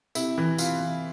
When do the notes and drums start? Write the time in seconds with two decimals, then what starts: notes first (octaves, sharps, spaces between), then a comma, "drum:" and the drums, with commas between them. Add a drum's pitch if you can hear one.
0.15 C3 E4, drum: tambourine
0.38 E3
0.58 C3 F4, drum: tambourine
0.80 E3